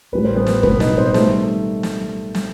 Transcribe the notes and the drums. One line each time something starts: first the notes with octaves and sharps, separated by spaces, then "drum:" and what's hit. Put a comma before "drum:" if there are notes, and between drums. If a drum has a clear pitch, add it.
A1 A2 G3 B4
C5
B3 B4
drum: snare
B1 A2 G3 B3 B4, drum: kick
D#4 D#5, drum: snare
C4 C5
D#3 G3 A3 A4, drum: snare
drum: snare
drum: snare